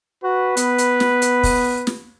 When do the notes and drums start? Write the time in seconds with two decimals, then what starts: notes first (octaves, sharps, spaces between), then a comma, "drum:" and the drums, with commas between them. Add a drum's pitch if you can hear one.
0.24 F#4 B4
0.57 B3, drum: hi-hat
0.78 drum: hi-hat
1.00 drum: snare
1.22 drum: hi-hat
1.43 drum: kick, open hi-hat
1.87 drum: snare